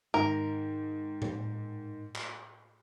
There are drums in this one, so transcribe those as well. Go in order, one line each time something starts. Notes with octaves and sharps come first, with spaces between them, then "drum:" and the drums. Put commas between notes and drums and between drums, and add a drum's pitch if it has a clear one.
G#2 D#3 A#4
drum: tom A2
drum: clap